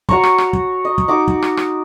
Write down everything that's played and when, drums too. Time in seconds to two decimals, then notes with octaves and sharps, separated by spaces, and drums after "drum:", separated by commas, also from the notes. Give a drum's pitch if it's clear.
0.09 F#4 C#5 A#5 C#6, drum: kick
0.23 drum: rim click
0.38 drum: rim click
0.53 drum: kick
0.85 D#5
0.98 drum: kick
1.08 D#4 F#4 D6
1.28 drum: kick
1.42 drum: rim click
1.57 drum: rim click